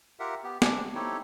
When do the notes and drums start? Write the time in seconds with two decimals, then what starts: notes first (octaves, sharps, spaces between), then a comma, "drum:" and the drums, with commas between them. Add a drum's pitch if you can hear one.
0.20 F4 G4 A#4 E5 F#5
0.43 B3 G4
0.62 D4 G4, drum: snare
0.95 C4 D#4 E4 G4 A4 C#5